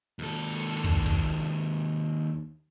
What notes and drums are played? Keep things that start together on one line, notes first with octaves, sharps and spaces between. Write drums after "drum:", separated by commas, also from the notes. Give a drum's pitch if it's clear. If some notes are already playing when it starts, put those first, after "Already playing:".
D#2 A4
drum: kick
drum: kick